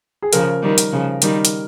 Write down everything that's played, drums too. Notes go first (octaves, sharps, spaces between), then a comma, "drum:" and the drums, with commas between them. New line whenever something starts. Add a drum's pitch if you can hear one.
G#4
C#3 F3 A#4, drum: hi-hat
D#3 G3
drum: hi-hat
C#3 F3
D#3 G3, drum: hi-hat
drum: hi-hat